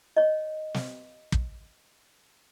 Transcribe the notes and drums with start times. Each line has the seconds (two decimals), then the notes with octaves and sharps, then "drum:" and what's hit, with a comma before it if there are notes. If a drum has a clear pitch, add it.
0.17 C#5 D#5
0.74 drum: snare
1.32 drum: kick